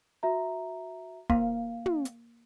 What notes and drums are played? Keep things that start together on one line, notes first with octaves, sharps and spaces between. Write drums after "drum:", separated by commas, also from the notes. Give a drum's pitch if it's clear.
F#4 E5 A#5
A#3 F5, drum: kick
drum: tom
drum: hi-hat